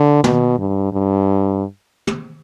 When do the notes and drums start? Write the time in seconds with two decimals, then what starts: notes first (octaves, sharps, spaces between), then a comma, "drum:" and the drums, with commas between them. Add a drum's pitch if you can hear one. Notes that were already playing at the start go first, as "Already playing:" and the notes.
Already playing: D3
0.24 B2, drum: tom
0.59 G2
0.93 G2
2.07 drum: tom